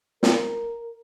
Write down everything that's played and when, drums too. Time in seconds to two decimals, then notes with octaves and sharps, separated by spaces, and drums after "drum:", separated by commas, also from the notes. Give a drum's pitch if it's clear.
0.23 A#4, drum: snare